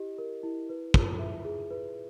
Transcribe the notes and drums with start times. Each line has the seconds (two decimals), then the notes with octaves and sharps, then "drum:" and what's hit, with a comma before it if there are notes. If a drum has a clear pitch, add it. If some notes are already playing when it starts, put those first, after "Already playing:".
Already playing: E4 G4 D#5
0.18 A#4
0.43 E4
0.69 B4
0.94 F4, drum: kick
1.19 E5
1.45 G#4
1.70 B4